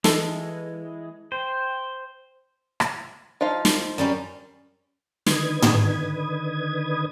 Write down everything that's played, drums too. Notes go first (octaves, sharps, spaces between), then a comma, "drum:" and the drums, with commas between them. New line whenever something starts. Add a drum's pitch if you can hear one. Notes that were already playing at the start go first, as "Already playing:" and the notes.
E3 G#3 A4, drum: snare
C5 G5
drum: rim click
F3 D#4 F5
drum: snare
F#2 G3 C#4
D3 D#3 B4 D#6 G#6, drum: snare
drum: tom